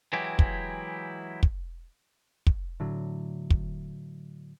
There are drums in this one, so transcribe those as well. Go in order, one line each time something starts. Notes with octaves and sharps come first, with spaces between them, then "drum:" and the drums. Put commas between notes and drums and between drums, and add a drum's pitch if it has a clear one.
E3 F#3 G#3 E4 G4
drum: kick
drum: kick
drum: kick
A2 D3 F#3
drum: kick